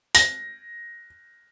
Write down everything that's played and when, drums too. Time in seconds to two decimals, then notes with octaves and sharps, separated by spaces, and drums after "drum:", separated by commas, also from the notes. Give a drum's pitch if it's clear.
0.15 A#6, drum: open hi-hat